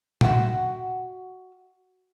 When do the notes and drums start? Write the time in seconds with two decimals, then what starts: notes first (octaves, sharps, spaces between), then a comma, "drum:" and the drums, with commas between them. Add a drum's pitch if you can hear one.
0.21 F#4 E5 F#5 G5, drum: tom A#2